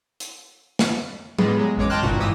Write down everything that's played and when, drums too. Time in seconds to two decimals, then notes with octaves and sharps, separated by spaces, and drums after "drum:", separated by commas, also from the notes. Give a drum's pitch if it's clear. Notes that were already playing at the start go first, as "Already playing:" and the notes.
0.20 drum: hi-hat
0.79 drum: snare
1.39 A2 G3 G#3 B3, drum: tom F3
1.57 F#3 G#3
1.77 A1 F#2 G#3 C#5 D6
1.90 D#5 G5 A5 C6 F6 F#6
2.03 G1 C2 G2 A#2 F#4
2.19 G#2 E3 G4 D#6 E6